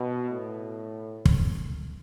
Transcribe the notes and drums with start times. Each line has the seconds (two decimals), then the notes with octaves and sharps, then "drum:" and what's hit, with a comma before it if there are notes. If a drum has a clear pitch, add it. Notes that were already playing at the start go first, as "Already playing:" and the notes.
Already playing: B2
0.29 A2
1.25 drum: kick